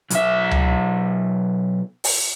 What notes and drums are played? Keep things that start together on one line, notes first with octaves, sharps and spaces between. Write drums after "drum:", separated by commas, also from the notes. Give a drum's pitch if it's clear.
B1 E5, drum: hi-hat
drum: tom C#2
drum: open hi-hat